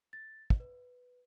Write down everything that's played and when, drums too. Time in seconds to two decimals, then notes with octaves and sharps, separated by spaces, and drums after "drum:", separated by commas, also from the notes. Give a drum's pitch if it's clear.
0.13 A6
0.50 drum: kick
0.60 B4